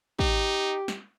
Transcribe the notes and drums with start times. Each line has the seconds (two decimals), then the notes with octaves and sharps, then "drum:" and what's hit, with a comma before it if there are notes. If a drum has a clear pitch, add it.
0.19 D#4 G4, drum: kick
0.88 drum: snare